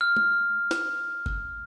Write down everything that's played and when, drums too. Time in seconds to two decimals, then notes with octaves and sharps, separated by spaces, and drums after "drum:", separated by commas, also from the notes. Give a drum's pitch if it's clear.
0.01 F6
0.17 drum: tom
0.71 drum: snare
1.26 drum: kick